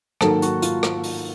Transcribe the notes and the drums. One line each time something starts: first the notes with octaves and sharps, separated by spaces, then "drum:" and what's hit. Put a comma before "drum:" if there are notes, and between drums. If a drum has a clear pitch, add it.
G#2 D#3 F#3 A#3 A4, drum: rim click
F#4, drum: hi-hat
F4, drum: hi-hat
drum: rim click
drum: open hi-hat